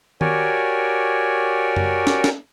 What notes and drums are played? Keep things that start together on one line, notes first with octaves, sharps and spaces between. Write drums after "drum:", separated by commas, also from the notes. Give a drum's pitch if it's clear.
F#4 G4 A#4 C#5 D5 G#5, drum: tom D#3
drum: tom F#2
drum: snare
drum: snare